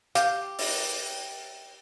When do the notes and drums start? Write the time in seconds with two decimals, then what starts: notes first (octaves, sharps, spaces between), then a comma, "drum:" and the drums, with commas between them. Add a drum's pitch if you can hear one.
0.15 G4 F5, drum: hi-hat
0.59 drum: open hi-hat